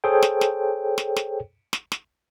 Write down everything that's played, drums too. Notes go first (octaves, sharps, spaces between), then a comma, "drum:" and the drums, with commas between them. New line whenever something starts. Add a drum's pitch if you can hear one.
G#4 A4 C5 C#5 G5
drum: snare
drum: snare
drum: snare
drum: snare
drum: snare
drum: snare